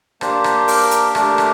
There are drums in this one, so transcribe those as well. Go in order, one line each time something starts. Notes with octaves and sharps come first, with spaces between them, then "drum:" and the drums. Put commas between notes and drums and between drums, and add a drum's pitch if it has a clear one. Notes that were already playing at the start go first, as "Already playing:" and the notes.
A#3 D4 G4 C5, drum: rim click
drum: rim click
A#4, drum: open hi-hat
drum: hi-hat
A3 D4 G4, drum: rim click
drum: rim click